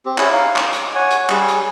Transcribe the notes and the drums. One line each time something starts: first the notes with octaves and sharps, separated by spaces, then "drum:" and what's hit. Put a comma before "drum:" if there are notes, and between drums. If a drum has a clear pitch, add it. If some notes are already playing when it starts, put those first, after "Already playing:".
C4 G4
C#4 E4 G#4, drum: clap
D#4 F5
D6, drum: clap
drum: hi-hat
C#5 F#5 G#5
drum: hi-hat
G3 G#4, drum: clap
drum: hi-hat